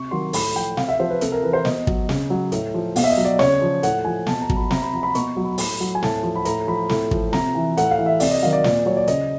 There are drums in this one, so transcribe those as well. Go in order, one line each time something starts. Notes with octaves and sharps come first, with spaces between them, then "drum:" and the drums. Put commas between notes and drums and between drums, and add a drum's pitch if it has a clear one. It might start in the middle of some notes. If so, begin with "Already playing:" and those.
Already playing: C3 C#6
D#3 F#3 C6
A2 B5, drum: open hi-hat
F3 G5
C3 F5, drum: snare
E5
F3 C5
B4
C3 A4, drum: hi-hat
A#4
E3 B4
C5
B2 D#5, drum: snare
F#3, drum: kick
C#3, drum: snare
F#3
A2, drum: hi-hat
F3
B2 F5, drum: open hi-hat
E5
D#5
F#3
D5
C#3 C#5, drum: snare
F3
A2 F#5, drum: hi-hat
F3 G#5
B2 A5, drum: snare
A#5
F#3, drum: kick
B5
C3 A#5, drum: snare
B5
F3 A#5
B5
B2 C#6, drum: hi-hat
F#3
B5
A2 B5, drum: open hi-hat
F#3
G#5
A2 A5, drum: snare
F3
B5
A2 A#5, drum: hi-hat
F3 B5
A2, drum: snare
F3, drum: kick
C3 A#5, drum: snare
E3
A2 F#5, drum: hi-hat
F5
E3
E5
C3 D5, drum: open hi-hat
D#5
D#3 F#3 F5
D5
A#2 D5, drum: snare
F#3 C#5
D5
C#3 D#5, drum: hi-hat